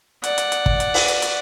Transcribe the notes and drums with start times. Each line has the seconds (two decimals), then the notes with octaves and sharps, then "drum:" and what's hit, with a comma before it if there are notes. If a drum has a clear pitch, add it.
0.24 D5 F#5, drum: hi-hat
0.38 drum: hi-hat
0.52 drum: hi-hat
0.66 drum: kick
0.80 drum: hi-hat
0.94 drum: open hi-hat
1.08 drum: hi-hat
1.22 drum: hi-hat